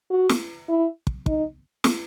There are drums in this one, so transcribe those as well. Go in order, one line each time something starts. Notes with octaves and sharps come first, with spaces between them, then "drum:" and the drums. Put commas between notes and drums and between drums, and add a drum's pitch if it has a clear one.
F#4
drum: snare
E4
drum: kick
D#4, drum: kick
drum: snare